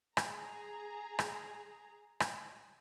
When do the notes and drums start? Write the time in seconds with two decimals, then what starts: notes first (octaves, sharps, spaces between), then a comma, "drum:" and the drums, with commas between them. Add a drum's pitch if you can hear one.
0.17 G#4 A#5, drum: rim click
1.19 drum: rim click
2.20 drum: rim click